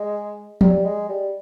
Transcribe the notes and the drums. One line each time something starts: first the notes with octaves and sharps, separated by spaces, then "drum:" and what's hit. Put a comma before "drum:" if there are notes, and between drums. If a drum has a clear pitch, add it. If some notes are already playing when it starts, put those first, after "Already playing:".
Already playing: G#3
G3, drum: tom F3
G#3
G3